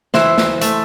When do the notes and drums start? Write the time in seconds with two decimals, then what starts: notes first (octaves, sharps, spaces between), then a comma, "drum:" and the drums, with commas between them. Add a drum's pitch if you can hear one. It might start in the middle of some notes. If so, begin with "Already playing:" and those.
0.14 E3 C5 E5, drum: snare
0.38 drum: snare
0.61 A3, drum: hi-hat